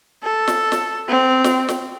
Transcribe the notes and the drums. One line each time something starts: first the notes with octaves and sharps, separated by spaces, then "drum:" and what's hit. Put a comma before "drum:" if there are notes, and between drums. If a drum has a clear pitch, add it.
A4
drum: snare
drum: snare
C4
drum: snare
drum: snare